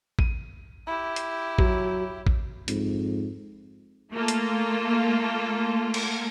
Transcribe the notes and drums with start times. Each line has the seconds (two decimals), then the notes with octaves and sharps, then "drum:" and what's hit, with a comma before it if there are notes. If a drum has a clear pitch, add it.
0.19 D#7, drum: kick
0.87 E4 G4
1.16 drum: hi-hat
1.59 F#3, drum: kick
2.27 drum: kick
2.68 F2 G#2, drum: hi-hat
4.12 A3 A#3 F4 A4
4.28 drum: hi-hat
5.94 drum: cymbal